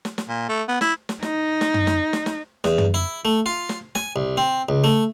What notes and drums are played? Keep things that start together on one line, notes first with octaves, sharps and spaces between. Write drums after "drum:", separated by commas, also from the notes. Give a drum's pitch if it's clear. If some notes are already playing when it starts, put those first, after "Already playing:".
drum: snare
drum: snare
A#2
A3
B3
E4, drum: snare
drum: snare
D#4, drum: snare
drum: snare
drum: tom
drum: snare
drum: snare
drum: snare
E2, drum: snare
drum: tom
E4
A3
F4
drum: snare
G#5, drum: snare
C2
C4
C#2
A3